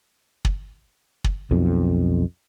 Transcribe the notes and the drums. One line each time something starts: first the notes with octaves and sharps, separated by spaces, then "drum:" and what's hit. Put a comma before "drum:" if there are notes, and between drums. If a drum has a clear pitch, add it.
drum: kick
drum: kick
B1 F2